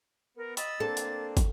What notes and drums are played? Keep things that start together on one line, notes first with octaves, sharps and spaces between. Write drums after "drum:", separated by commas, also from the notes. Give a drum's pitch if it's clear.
B3 A#4
D#5 B5 E6 A6, drum: hi-hat
A#3 C4 D4 A4
drum: hi-hat
drum: kick, hi-hat